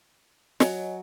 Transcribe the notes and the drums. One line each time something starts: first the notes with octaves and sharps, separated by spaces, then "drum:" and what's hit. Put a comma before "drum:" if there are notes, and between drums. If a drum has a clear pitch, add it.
F#3 C#5 D#5 G#5, drum: snare